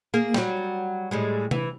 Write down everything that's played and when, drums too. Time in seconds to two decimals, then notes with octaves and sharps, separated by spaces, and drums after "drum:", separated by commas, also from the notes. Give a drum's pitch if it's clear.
0.14 A#3 G#4
0.34 F#3 G3, drum: snare
1.11 A2 G3 G#3
1.51 E3, drum: tom C3